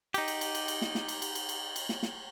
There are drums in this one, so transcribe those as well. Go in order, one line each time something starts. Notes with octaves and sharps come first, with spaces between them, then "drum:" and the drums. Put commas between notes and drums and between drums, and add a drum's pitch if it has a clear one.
D#4 G4, drum: cymbal
drum: cymbal
drum: cymbal
drum: cymbal
drum: cymbal
drum: snare
drum: snare
drum: cymbal
drum: cymbal
drum: cymbal
drum: cymbal
drum: cymbal
drum: snare
drum: snare